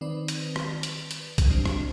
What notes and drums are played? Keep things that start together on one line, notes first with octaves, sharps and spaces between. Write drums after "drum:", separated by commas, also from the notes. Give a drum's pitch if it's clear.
D#3 C4 B4 D5
drum: hi-hat
drum: rim click
drum: hi-hat
drum: hi-hat
drum: kick B1, hi-hat
D2 G3 C4 D4
drum: rim click